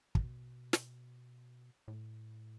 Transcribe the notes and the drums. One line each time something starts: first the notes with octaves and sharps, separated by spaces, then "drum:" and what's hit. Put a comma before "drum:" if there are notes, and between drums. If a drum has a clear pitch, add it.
B2, drum: kick
drum: snare
A2